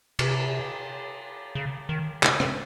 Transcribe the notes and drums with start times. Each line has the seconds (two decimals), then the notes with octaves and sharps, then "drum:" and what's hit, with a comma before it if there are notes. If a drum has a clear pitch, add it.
0.19 C3, drum: cymbal
1.55 C#3
1.89 D#3
2.23 C#3, drum: clap
2.40 C#3, drum: rim click